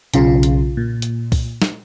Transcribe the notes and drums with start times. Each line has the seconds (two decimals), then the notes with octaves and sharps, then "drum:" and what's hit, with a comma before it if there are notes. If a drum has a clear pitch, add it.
0.14 B1 C#3 F4, drum: hi-hat
0.43 drum: hi-hat
0.77 A#2
1.02 drum: hi-hat
1.32 drum: kick, open hi-hat
1.62 drum: snare